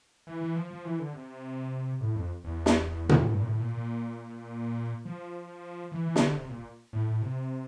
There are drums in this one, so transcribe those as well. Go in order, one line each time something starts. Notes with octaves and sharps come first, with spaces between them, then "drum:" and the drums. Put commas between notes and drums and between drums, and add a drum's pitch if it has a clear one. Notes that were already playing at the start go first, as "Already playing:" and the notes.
E3
E3
F3
F3
E3
D3
C3
A2
F2
E2
drum: snare
drum: tom A#2
A2
G2
A#2
A2
A#2
A#2
F3
E3
E3
C3, drum: snare
D3
C3
A#2
A2
A2
C3